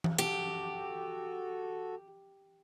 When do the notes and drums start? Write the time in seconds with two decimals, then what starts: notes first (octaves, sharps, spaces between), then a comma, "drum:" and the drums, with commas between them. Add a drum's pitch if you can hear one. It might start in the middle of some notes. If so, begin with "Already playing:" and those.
0.04 drum: tom E3
0.18 F#4 G4 A4